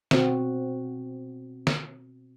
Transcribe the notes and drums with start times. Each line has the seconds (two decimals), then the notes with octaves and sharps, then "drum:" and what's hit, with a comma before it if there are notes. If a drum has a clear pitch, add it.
0.11 B2 C4 F#4, drum: snare
1.67 drum: snare